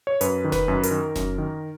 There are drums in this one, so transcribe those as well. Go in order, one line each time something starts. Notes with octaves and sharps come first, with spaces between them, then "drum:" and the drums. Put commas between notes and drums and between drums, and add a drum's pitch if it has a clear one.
C#5
F#2 B4, drum: hi-hat
D#3
B4, drum: snare F1
F#2
A#4, drum: hi-hat
D#3
F#2, drum: snare F1
D#3